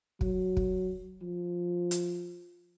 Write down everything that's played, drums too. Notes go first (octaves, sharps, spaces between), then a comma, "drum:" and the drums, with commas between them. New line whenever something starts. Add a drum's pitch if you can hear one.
F#3, drum: kick
drum: kick
F3
drum: hi-hat